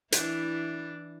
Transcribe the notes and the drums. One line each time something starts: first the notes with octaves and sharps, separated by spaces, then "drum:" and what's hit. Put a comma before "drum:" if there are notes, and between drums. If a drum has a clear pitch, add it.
E3 D4 E4, drum: hi-hat